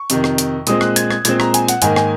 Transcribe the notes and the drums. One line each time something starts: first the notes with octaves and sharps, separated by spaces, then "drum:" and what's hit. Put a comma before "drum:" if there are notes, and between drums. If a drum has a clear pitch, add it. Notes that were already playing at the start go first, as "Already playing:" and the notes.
Already playing: C#6
F2 C3 D#3, drum: hi-hat
drum: rim click
drum: hi-hat
A#2 G#3 C4 D#6, drum: hi-hat
F#6, drum: rim click
G#6, drum: hi-hat
G#6, drum: rim click
A#2 G#3 C4 G#6, drum: hi-hat
A#5, drum: rim click
G#5, drum: hi-hat
F#5, drum: hi-hat
G#2 D#3 A#3 G#5, drum: hi-hat
G#5, drum: rim click